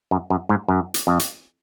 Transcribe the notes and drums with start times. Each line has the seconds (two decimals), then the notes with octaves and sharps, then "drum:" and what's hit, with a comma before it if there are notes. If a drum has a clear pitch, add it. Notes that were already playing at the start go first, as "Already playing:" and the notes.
0.11 F#2
0.30 F#2
0.49 G#2
0.68 F#2
0.94 drum: hi-hat
1.07 F2
1.19 drum: hi-hat